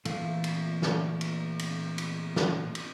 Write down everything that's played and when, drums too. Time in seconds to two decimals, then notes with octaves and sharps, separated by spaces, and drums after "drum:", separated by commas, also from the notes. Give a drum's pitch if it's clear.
0.05 A#2 E3 A3 A4 F5, drum: cymbal
0.44 drum: cymbal
0.82 drum: snare
1.21 drum: cymbal
1.59 drum: cymbal
1.98 drum: cymbal
2.36 drum: snare
2.75 drum: cymbal